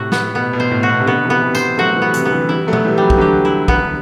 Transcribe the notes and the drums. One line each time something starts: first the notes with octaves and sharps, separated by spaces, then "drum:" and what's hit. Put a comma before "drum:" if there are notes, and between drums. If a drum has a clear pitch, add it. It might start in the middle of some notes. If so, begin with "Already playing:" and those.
Already playing: A2 C3 F#4
B3, drum: snare
B2 B3
B2
C5
A2
F#4
B2
C3
B2 D3 B3
C3 E3
B3
C3 E3
C5, drum: tambourine
F#3 A3 F#4
A3
E3 G3
B3
C3 E3, drum: hi-hat
D3 B3
C3 E3
E3 G3 E4
F#3 A3
B3, drum: tom
E3 G3
F#3 G3
E3, drum: kick
D3 F#3 G4
E4
B3, drum: kick
D3